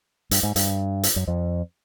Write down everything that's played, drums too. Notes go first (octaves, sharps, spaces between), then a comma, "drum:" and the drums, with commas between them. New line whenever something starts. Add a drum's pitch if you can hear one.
G2, drum: hi-hat
G#2
G2, drum: hi-hat
drum: hi-hat
F#2
F2